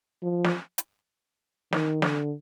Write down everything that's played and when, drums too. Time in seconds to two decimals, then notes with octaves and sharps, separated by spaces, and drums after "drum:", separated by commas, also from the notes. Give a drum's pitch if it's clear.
0.23 F3
0.44 drum: snare
0.78 drum: hi-hat
1.73 D#3, drum: snare
2.02 D3, drum: snare